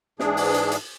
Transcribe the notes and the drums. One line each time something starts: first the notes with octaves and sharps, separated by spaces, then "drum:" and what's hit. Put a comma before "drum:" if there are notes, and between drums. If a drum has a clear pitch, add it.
G#2 E3 D4 G#4, drum: snare
drum: open hi-hat
drum: hi-hat
drum: hi-hat